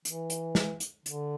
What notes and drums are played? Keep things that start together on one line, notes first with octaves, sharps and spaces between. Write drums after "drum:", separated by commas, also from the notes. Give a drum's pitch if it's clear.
E3, drum: hi-hat
drum: hi-hat
drum: snare
drum: hi-hat
D3, drum: hi-hat